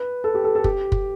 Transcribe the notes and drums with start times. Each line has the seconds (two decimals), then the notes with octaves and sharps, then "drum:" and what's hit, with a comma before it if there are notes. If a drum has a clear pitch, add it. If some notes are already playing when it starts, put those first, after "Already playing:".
Already playing: B4
0.24 A4
0.34 G4
0.44 A4
0.55 A4
0.64 G4, drum: kick
0.92 drum: kick